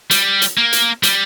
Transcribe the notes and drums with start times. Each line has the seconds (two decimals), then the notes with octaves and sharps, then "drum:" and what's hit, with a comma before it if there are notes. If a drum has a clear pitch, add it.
0.11 G3, drum: hi-hat
0.42 drum: hi-hat
0.58 A#3
0.73 drum: hi-hat
1.03 G3, drum: hi-hat